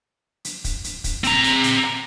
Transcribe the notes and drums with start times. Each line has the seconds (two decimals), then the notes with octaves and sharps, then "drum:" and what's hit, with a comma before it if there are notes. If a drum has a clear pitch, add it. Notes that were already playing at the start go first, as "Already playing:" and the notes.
0.45 drum: hi-hat
0.64 drum: kick, hi-hat
0.84 drum: hi-hat
1.04 drum: kick, hi-hat
1.24 C4 A#5, drum: hi-hat
1.44 drum: hi-hat
1.64 drum: hi-hat
1.83 drum: rim click